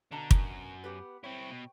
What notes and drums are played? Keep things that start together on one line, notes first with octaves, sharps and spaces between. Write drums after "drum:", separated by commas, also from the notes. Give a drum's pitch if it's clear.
B2 D3 D4 A#5
F#2, drum: kick
B3 G4 B4
C4 E4 C#5 G5
B2